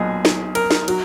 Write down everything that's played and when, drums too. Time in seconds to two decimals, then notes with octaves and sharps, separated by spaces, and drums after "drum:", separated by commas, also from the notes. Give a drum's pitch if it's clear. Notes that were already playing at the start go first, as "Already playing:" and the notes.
Already playing: B1 A#2 G#3 G#4
0.25 drum: snare
0.55 A#4, drum: cymbal
0.71 drum: snare
0.88 F#3, drum: cymbal